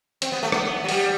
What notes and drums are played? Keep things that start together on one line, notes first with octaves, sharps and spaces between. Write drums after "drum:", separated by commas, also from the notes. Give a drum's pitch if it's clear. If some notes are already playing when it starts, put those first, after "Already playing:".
C4, drum: hi-hat
B3
A3
B3, drum: rim click
F#3
G3, drum: open hi-hat